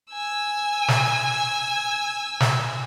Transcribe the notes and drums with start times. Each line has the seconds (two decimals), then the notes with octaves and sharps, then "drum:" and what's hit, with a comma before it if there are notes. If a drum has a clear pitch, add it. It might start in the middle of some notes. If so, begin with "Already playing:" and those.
0.12 G#5 E6
0.88 drum: snare
2.40 drum: snare